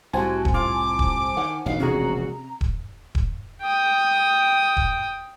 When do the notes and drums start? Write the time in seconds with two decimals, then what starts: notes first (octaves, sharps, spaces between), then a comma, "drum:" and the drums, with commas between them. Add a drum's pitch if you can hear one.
0.13 C2 A2 C3 F#4 C5 F#5 G#5 A5
0.45 drum: kick D#1
0.54 F4 D6
0.99 drum: kick D#1
1.37 D#3 D#4 C#5 F#5
1.66 E1 A#1 B2 D#3 F3 D#4 F5
1.80 C3 C#4 F#4 G#4 A#5
2.61 drum: kick D#1
3.15 drum: kick D#1
3.62 G5 D#6
4.77 drum: kick D#1